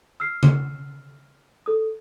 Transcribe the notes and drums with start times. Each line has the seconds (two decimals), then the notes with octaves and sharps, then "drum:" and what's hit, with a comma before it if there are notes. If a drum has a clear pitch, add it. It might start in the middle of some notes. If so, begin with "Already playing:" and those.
0.20 E6 F6 C7
0.43 drum: tom C#3
1.66 A4 D#6